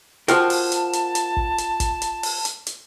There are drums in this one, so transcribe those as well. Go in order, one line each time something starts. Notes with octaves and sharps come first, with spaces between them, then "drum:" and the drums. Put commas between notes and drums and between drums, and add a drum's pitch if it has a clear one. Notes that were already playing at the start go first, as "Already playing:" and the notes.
F3 F4 F#4 A#4 G5 A5, drum: hi-hat
drum: open hi-hat
drum: hi-hat
drum: hi-hat
drum: hi-hat
drum: kick
drum: hi-hat
drum: kick, hi-hat
drum: hi-hat
drum: open hi-hat
drum: hi-hat
drum: hi-hat